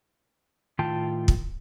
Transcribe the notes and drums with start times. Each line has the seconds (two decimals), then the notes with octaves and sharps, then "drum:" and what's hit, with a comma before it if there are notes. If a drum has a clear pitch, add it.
0.79 A2 D#3 F4 G5 A5
1.28 drum: kick